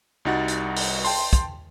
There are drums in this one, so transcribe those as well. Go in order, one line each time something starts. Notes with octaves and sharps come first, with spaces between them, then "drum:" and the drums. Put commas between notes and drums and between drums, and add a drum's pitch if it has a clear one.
C2 G3 D#4 F#4 F#5 A6
drum: hi-hat
drum: open hi-hat
G5 A5 C6, drum: open hi-hat
drum: kick, hi-hat